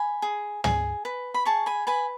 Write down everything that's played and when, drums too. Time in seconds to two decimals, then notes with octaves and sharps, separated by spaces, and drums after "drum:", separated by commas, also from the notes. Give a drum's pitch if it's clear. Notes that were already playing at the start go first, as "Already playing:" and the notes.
Already playing: G#5 B5
0.22 G#4
0.64 G#4, drum: tom
1.05 B4
1.34 B5
1.45 G#4 A5 C#6
1.66 G#5 B5
1.87 B4 G#5 B5